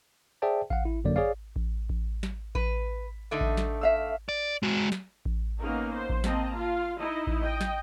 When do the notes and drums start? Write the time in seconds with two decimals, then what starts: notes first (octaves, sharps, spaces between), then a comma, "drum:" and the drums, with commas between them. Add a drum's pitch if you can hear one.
0.42 G#4 C5 D5 E5 G5 A5
0.70 F5 F#5, drum: kick A1
0.85 E4
1.04 G1 F#2 D3 F#3 A#3 D5
1.16 G#4 C#5 D5 F5
1.56 drum: kick A1
1.89 drum: kick A1
2.23 drum: snare
2.55 B4, drum: kick A1
3.31 D3 A3 D#4
3.41 drum: kick A1
3.57 drum: snare
3.81 E5 F5 E6
4.29 D5
4.63 G#3 F#4
4.92 drum: snare
5.25 drum: kick A1
5.59 A#3 B3 C#4 D#4 A#4
5.93 C5
6.09 drum: kick A1
6.24 A#3 C4 D#5 A5 A#5, drum: snare
6.56 F4 F5
6.98 D#4 E4 D#5
7.27 drum: kick A1
7.40 D#5 G5
7.61 drum: snare